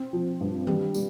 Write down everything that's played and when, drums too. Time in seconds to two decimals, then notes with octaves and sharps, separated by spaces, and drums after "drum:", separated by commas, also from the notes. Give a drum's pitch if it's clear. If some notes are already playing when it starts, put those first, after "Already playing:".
Already playing: C4
0.13 F3
0.41 G2
0.67 G3, drum: tom D#3
0.94 G3, drum: tambourine